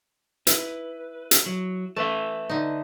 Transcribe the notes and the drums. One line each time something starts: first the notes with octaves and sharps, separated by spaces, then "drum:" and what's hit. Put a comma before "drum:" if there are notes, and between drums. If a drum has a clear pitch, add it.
E4 B4, drum: hi-hat
drum: hi-hat
F#3
A3 A4 B4 E5
D3 D#4